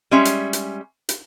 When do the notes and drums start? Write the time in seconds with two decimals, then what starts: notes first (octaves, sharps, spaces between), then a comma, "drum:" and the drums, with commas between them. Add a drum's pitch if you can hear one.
0.11 G3 G#3 C#4 E5
0.25 drum: hi-hat
0.53 drum: hi-hat
1.09 drum: hi-hat